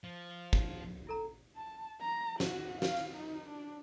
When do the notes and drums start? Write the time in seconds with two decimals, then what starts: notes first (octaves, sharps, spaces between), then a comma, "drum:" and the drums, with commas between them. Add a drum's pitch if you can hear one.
0.04 F3
0.53 drum: kick
1.07 E4 A4 A#5
1.56 A5
2.01 A#5
2.40 F#4, drum: snare
2.82 F5, drum: snare
2.97 drum: hi-hat
3.17 D#4
3.49 D4